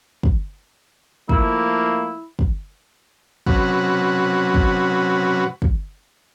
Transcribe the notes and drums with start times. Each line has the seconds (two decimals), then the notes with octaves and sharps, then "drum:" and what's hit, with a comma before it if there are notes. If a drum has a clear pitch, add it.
0.23 drum: kick
1.29 F3 A3 A#3 E4, drum: kick
2.39 drum: kick
3.47 C3 F#3 C#4 F#4 B4, drum: kick
4.54 drum: kick
5.62 drum: kick